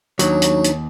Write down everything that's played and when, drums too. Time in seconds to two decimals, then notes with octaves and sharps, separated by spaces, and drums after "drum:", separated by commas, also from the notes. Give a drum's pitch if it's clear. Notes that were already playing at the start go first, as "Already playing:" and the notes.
0.19 D#2 F#3 D4 D#4 C#5, drum: hi-hat
0.42 drum: hi-hat
0.64 drum: hi-hat